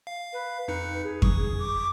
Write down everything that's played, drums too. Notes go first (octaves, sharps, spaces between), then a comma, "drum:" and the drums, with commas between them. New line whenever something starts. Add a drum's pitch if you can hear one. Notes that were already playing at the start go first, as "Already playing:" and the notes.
F5
B4
F2 D#4 B4 C#7
G#4
C#6 D#6, drum: kick F2
D6